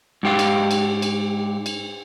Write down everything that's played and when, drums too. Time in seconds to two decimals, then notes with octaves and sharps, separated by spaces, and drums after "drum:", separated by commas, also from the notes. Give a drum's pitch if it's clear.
0.23 G#2 G4 F5
0.39 drum: cymbal
0.71 drum: cymbal
1.02 drum: cymbal
1.66 drum: cymbal